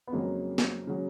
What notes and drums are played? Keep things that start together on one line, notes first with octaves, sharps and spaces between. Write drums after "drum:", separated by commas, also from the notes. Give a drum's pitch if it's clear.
B3
F2 C#3 F#3 G#3 A#3
drum: snare
C#3 F#3